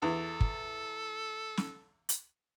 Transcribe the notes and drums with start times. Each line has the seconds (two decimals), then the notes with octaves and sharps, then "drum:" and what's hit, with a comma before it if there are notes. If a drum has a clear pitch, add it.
0.02 E2 A4
0.41 drum: kick
1.57 drum: snare
2.09 drum: hi-hat